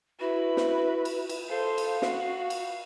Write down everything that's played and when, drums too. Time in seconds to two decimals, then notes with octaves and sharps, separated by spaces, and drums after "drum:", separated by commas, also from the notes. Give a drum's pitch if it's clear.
0.20 E4 F#4 B4
0.57 drum: snare
1.05 drum: cymbal
1.29 drum: cymbal
1.49 A4 C5 F5
1.78 drum: cymbal
2.02 F#4, drum: snare
2.50 drum: cymbal